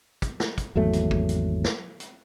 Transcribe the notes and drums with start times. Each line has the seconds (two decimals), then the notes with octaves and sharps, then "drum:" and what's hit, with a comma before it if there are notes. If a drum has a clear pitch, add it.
0.22 drum: kick, hi-hat
0.40 drum: snare
0.58 drum: kick, hi-hat
0.76 G#1 E2 F#3 A3
0.93 drum: hi-hat
1.11 drum: kick
1.29 drum: hi-hat
1.64 drum: snare
2.00 drum: hi-hat